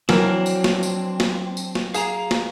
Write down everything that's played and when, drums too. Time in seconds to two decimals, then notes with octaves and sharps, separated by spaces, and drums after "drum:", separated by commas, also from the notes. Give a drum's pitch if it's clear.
0.09 E3 F#3 C4 D4 A#4, drum: snare
0.46 drum: tambourine
0.64 drum: snare
0.83 drum: tambourine
1.20 drum: snare
1.57 drum: tambourine
1.75 drum: snare
1.94 G#4 F5 A5 A#5, drum: tambourine
2.31 drum: snare